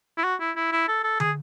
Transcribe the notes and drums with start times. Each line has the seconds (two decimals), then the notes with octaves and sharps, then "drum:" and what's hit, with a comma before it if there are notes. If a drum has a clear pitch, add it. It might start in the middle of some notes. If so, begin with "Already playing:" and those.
0.18 E4
0.24 F#4
0.40 E4
0.56 E4
0.72 E4
0.88 A4
1.04 A4
1.20 G#4, drum: tom